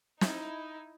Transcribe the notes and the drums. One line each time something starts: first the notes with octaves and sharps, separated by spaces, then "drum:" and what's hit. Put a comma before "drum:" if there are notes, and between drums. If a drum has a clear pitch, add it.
D#4 E4, drum: snare